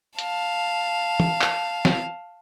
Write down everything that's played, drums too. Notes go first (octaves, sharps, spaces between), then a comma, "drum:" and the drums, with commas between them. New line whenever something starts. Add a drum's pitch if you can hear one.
F5 A5, drum: hi-hat
drum: tom
drum: clap
drum: snare